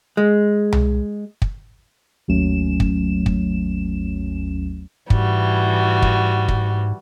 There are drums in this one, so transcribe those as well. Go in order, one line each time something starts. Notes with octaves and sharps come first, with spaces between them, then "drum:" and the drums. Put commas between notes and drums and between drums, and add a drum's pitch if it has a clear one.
G#3
drum: tom C2
drum: kick
G#1 D#2 F#3 A3 C#4 E7
drum: kick
drum: kick
G#2 E3 G3 F#4, drum: kick
drum: kick
drum: kick